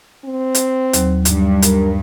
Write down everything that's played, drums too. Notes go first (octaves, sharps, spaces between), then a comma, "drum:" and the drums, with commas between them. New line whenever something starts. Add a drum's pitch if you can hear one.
C4
drum: hi-hat
D#2 F#3, drum: hi-hat
G2, drum: hi-hat
A#4, drum: hi-hat